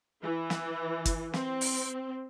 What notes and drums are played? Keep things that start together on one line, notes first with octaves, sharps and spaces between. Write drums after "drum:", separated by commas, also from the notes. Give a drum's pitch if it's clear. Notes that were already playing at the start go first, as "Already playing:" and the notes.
E3
drum: snare
drum: kick, hi-hat
C4, drum: snare
drum: open hi-hat